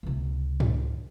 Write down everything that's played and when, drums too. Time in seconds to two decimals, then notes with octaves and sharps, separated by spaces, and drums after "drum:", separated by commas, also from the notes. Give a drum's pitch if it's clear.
0.03 C#2 C3
0.60 drum: tom